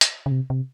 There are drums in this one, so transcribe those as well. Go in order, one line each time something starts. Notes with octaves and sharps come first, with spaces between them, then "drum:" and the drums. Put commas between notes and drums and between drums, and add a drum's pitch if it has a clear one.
drum: hi-hat
C#3
C3
C3